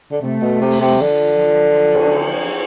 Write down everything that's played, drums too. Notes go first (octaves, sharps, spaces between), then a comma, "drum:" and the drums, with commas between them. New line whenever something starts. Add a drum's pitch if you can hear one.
D3
C3 A3
B2
C3
drum: open hi-hat
C3
D3 F3
drum: cymbal